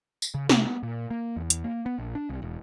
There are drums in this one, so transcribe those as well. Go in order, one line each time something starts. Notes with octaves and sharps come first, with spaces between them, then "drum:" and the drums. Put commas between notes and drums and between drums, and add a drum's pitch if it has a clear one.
drum: tambourine
C#3
C3, drum: snare
B3
A#2
A#3
E2
drum: hi-hat
A#3
B3
A#1
D4
C2
E1